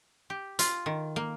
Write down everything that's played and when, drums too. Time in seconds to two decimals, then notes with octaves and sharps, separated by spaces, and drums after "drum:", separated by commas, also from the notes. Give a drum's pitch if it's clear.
0.30 G4
0.59 F4, drum: hi-hat
0.86 D#3
1.16 A#3